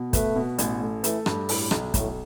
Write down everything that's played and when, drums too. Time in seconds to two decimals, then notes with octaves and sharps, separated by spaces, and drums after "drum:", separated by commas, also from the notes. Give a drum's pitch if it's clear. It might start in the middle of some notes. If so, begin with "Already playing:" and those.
Already playing: B2
0.13 A3 B4, drum: kick, hi-hat
0.36 B2
0.58 A1, drum: hi-hat
0.81 A3
1.04 E3 A3, drum: hi-hat
1.26 G2, drum: rim click
1.49 A2, drum: open hi-hat
1.71 B1, drum: rim click
1.94 B1 A2, drum: kick, hi-hat